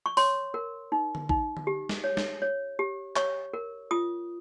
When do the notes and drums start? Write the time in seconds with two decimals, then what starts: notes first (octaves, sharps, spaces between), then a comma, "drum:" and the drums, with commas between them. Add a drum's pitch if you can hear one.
0.06 C#6
0.17 C#5 C6, drum: open hi-hat
0.54 A#4
0.92 D#4
1.15 drum: tom D3
1.29 D#4, drum: kick A1
1.57 drum: tom D3
1.67 G4
1.89 drum: snare
2.04 C#5
2.17 drum: snare
2.42 C#5
2.79 G4
3.16 C#5 C#6, drum: clap
3.54 A#4
3.91 F4 D#6